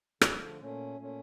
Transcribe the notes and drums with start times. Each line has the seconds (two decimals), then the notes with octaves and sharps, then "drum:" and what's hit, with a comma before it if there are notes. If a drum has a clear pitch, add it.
0.21 D3 F3 A3, drum: rim click
0.59 A#2 A3 C#4
0.98 A#2 A3 C#4